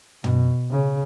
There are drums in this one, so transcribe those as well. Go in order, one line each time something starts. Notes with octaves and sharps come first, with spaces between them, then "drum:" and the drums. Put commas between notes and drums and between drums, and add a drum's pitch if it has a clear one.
B2, drum: tom
C#3